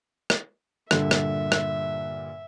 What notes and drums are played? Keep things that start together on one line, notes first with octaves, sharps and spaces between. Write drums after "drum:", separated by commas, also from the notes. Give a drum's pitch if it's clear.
drum: rim click
G2 A#2 D3 E5, drum: rim click
drum: rim click
drum: rim click